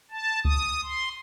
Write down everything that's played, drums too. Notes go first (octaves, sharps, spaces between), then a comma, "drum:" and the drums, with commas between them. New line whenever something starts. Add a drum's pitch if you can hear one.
A5
D#6, drum: kick C#2
C6